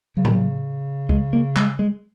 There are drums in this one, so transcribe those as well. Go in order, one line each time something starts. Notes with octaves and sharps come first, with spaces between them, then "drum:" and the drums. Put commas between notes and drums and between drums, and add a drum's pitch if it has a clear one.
C#3 F#3
D#3, drum: tom A2
C#3
G#3, drum: kick
A#3
G#3, drum: clap
G#3